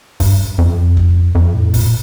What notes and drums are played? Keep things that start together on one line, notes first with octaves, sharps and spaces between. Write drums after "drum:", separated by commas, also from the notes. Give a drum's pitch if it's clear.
G2, drum: kick, open hi-hat
F2
drum: kick
F2
A2
A#2, drum: kick, open hi-hat